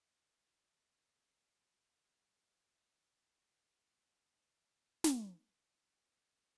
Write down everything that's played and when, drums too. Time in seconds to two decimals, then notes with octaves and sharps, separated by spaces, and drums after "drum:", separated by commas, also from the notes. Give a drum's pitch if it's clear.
0.02 C#5 B5
2.23 G5
2.53 G#5
2.87 A4
3.17 D5
3.38 F4
3.71 G3 G#3 A#3 B3 G#4 B4
5.04 drum: snare